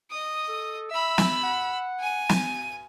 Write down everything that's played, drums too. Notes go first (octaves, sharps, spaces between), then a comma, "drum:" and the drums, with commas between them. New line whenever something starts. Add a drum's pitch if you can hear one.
D#5 D#6
A4
E5 B5 E6
drum: snare
F#5
G#5 D#7
drum: snare